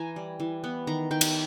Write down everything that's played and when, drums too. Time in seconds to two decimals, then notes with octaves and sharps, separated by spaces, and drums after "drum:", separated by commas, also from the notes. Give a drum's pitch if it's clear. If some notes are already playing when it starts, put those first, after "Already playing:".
Already playing: E3 G#5 A#5
0.16 G3
0.40 E3
0.64 B3
0.87 D#3 A#5
1.11 D#3 G5
1.21 drum: cymbal